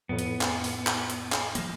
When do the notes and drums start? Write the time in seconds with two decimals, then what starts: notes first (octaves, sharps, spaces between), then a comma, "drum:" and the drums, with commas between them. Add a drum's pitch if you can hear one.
0.09 F2 A2 B3
0.19 drum: hi-hat
0.41 drum: clap
0.64 drum: open hi-hat
0.87 drum: clap
1.10 drum: hi-hat
1.32 drum: clap
1.55 F3 A#3, drum: hi-hat